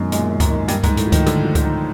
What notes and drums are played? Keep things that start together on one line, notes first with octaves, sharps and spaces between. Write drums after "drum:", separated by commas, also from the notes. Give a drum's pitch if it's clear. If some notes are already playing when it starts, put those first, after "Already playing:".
Already playing: F#2 B2 D#3 G#3
A#2 G#3, drum: hi-hat
D#3
G#2, drum: kick C#2, hi-hat
D#3
G2 A#3, drum: hi-hat
G#2, drum: kick C#2, hi-hat
D#4
A2, drum: hi-hat
F3
D#3, drum: kick C#2, hi-hat
D3 F3, drum: hi-hat
F3
D3, drum: kick C#2, hi-hat
D#4